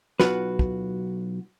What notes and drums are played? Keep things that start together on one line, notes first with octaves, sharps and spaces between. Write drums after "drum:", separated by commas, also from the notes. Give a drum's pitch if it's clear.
B1 G#2 F4 F#4 B4, drum: snare
drum: kick